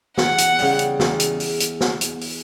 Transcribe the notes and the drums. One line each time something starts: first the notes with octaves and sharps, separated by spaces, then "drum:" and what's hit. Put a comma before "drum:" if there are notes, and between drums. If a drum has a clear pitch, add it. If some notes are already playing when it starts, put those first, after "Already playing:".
E2 F#5, drum: snare
drum: hi-hat
C#3 G3, drum: open hi-hat
drum: hi-hat
E2, drum: snare
drum: hi-hat
drum: open hi-hat
drum: hi-hat
drum: snare
drum: hi-hat
drum: open hi-hat